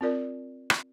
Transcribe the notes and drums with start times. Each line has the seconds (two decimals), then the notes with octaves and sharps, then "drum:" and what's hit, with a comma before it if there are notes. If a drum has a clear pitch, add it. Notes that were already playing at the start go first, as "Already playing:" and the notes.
0.01 C4 F4 A#4 D5
0.70 drum: rim click